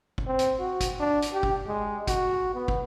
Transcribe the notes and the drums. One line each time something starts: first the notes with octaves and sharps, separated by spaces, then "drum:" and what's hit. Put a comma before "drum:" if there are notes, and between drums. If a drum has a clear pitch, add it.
drum: kick
C4
drum: hi-hat
F#4
drum: kick, hi-hat
D4
drum: hi-hat
G4
drum: kick
G#3
F#4, drum: kick, hi-hat
B3
drum: kick